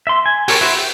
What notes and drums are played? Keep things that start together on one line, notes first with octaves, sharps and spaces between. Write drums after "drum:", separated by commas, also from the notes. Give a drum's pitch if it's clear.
E5 C6
G#5
G4 A4 A#4 C#5 G5, drum: open hi-hat
E4 F#4 C5 E5
G5